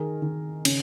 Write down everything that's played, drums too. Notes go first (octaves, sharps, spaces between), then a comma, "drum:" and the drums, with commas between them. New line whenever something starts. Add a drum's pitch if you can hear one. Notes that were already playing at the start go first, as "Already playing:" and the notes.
Already playing: D#3 G#4 A#4
D#3
C#3, drum: cymbal